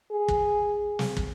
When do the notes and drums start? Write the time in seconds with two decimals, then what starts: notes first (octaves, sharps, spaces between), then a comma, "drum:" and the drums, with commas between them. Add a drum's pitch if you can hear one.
0.11 G#4
0.28 drum: kick
0.99 drum: snare
1.17 drum: kick